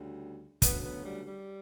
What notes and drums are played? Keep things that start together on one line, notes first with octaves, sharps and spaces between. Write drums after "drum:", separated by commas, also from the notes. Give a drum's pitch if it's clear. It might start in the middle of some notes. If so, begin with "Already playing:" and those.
Already playing: D2 C#3 G3
D2 C#3 F#3 B3, drum: kick, hi-hat
B3
G3
G3